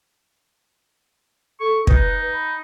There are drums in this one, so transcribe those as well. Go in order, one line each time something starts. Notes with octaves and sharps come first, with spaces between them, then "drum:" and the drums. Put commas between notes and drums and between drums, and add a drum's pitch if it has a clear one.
A4 C#6
D#4 B4, drum: kick
B5